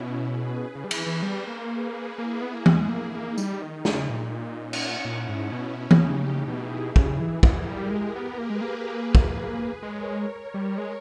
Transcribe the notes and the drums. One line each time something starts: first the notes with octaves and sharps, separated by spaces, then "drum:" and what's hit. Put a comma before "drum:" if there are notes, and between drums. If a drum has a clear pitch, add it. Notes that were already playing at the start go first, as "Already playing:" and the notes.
Already playing: B2 C#4 E4
G#4 B4
C#3
G3
E3, drum: cymbal
E3
G3
A#3
G#4 B4
A#3 E4 G#4
B3
A#3
G#3, drum: tom E3
A#3
A#3 D#4
G3, drum: tambourine
D#3
C#3, drum: snare
A#2 D#4
C#4
drum: cymbal
A#2 C#4 E4
G#2
B2
B2, drum: tom E3
C#3 D#4 G4
B2 E4 G#4
C#3, drum: kick
E3
E3 G4 A#4, drum: kick
G3
G#3
B3
A#3 G#4 B4
G#3
A#3
drum: kick
G#3 A#4 C#5
G3
G#3